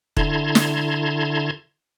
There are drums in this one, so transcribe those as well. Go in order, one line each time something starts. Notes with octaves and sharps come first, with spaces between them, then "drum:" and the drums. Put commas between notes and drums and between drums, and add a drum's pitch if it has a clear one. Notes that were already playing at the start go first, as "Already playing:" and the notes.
D3 E4 A5 A#5 C6 G#6, drum: kick
drum: snare